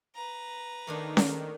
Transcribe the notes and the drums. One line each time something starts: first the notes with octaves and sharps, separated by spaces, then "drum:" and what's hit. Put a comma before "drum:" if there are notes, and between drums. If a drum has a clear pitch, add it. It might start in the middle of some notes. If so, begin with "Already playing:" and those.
B4 A#5
D#3 A3 A#3 D4
drum: snare C#4